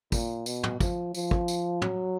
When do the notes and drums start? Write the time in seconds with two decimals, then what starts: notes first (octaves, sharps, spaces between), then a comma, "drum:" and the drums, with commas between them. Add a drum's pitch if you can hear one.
0.12 A#2, drum: kick, tambourine
0.46 B2, drum: tambourine
0.63 drum: tom
0.80 F3, drum: kick, tambourine
1.15 F3, drum: tambourine
1.31 drum: kick
1.48 drum: tambourine
1.81 F#3, drum: tom